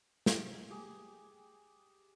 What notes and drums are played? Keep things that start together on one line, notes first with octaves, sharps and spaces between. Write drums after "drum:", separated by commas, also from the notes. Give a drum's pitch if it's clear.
drum: snare
G4 G#4 D6